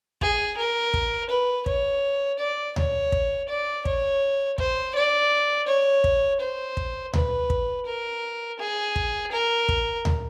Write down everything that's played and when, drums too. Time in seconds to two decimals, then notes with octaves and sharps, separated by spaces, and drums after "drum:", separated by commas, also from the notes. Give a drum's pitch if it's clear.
0.21 G#4, drum: kick
0.57 A#4
0.94 drum: kick
1.29 B4
1.66 C#5, drum: kick
2.39 D5
2.76 C#5, drum: tom D2
3.12 drum: kick
3.49 D5
3.85 C#5, drum: kick
4.58 C5, drum: kick
4.95 D5
5.67 C#5
6.04 drum: kick
6.40 C5
6.77 drum: kick
7.13 B4, drum: tom D2
7.50 drum: kick
7.86 A#4
8.59 G#4
8.96 drum: kick
9.32 A#4
9.69 drum: kick
10.05 drum: tom D2